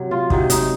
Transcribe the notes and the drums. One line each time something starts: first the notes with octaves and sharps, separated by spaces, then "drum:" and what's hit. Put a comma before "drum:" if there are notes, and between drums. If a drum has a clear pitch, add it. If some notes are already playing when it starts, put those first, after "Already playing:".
Already playing: C3 F#3
F4
C3 F#3 D#4, drum: kick
D#4, drum: hi-hat